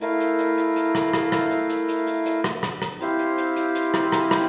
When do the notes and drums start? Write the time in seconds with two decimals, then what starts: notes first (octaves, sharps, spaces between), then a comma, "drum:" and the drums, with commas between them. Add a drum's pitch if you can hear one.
0.01 A3 E4 A#4 F5, drum: hi-hat
0.20 drum: hi-hat
0.39 drum: hi-hat
0.57 drum: hi-hat
0.76 drum: hi-hat
0.95 drum: rim click
1.14 drum: rim click
1.32 drum: rim click
1.51 drum: hi-hat
1.70 drum: hi-hat
1.88 drum: hi-hat
2.07 drum: hi-hat
2.26 drum: hi-hat
2.44 drum: rim click
2.63 drum: rim click
2.82 drum: rim click
3.01 C4 E4 G4 C5 F5, drum: hi-hat
3.19 drum: hi-hat
3.38 drum: hi-hat
3.56 drum: hi-hat
3.75 drum: hi-hat
3.94 drum: rim click
4.12 drum: rim click
4.31 drum: rim click